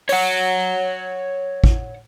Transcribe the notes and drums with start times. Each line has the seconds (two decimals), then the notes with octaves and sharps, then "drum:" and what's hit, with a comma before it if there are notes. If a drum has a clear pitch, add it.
0.09 C#5 F#5, drum: open hi-hat
1.64 drum: kick